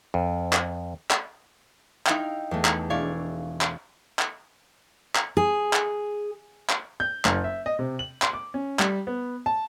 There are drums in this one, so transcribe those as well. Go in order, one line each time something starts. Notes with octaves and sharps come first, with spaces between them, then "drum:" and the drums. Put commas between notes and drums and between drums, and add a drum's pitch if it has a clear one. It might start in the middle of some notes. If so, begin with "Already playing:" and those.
F2
drum: clap
drum: clap
D#4 E4 F5 G5, drum: clap
E2 A3
drum: clap
E1 E4 D5 F5 C#6 G#6
drum: clap
drum: clap
drum: clap
G#4
drum: clap
drum: clap
G6
F#1, drum: clap
E5
D#5
C3
F#7
C6, drum: clap
D6
C#4
G3, drum: clap
B3
A5